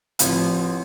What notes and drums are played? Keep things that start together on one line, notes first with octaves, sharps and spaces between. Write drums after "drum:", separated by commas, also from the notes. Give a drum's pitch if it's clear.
A1 F3 C4, drum: hi-hat